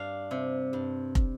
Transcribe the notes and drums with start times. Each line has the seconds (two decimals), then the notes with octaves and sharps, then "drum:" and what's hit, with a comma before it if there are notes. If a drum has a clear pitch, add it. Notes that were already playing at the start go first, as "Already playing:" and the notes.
Already playing: G2 D4 F5
0.31 C3
0.73 G2
1.15 drum: kick